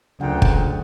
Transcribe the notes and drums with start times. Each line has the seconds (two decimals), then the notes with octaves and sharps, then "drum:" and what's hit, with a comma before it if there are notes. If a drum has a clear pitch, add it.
0.20 D2 A#2 C#3 F#3 D4 F#5 G5
0.42 drum: kick